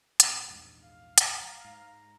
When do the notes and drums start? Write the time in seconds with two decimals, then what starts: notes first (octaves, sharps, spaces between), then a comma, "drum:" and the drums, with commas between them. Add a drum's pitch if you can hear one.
0.20 A2 C3, drum: hi-hat
0.48 A#1 E2 G#2
0.84 F5
1.18 A#5, drum: hi-hat
1.65 G#2